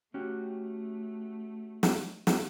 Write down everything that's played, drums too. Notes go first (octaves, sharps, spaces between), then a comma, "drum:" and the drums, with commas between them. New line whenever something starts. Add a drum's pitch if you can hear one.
A3 C#4 F#4 G4
drum: snare
drum: snare